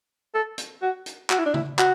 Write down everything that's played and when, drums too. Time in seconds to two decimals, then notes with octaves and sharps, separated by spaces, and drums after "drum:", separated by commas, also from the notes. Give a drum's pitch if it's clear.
0.34 A4
0.58 drum: hi-hat
0.82 F#4
1.06 drum: hi-hat
1.30 F#4, drum: clap
1.38 E4
1.46 D4
1.54 E4, drum: tom C#3
1.79 F#4, drum: clap